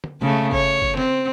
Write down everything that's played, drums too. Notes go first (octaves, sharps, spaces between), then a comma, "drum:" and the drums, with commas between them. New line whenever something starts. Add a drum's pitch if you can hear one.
drum: tom
C#3 A3, drum: tom
C#5, drum: kick F#1
drum: kick F#1
C4, drum: snare